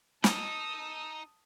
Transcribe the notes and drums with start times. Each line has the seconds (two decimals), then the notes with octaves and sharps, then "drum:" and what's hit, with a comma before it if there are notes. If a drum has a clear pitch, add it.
0.24 D#4 A5 D#6 E6, drum: snare